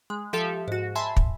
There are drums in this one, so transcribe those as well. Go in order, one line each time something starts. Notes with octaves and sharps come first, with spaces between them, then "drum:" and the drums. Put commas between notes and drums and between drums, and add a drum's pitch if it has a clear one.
G#3
F3 G4 A4 E5 F5
G#2 F#4
E5 G#5 A5 B5 C6
drum: kick